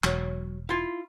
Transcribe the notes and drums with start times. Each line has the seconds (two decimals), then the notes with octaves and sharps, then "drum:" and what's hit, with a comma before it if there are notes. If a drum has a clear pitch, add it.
0.04 E1 F#3 C#5, drum: clap
0.69 E4 F4 F5 C6